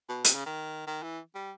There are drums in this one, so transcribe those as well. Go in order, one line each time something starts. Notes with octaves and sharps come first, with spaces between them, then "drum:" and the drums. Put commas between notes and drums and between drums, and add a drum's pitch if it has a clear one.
B2
C3, drum: hi-hat
C#3
D#3
D#3
E3
G3